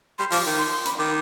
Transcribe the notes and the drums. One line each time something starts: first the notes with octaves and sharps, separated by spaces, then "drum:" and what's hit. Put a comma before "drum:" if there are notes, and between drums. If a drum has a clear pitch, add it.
G3 C6
F3 D6, drum: open hi-hat
D#3
C6
C6
B5, drum: hi-hat
D#3 D6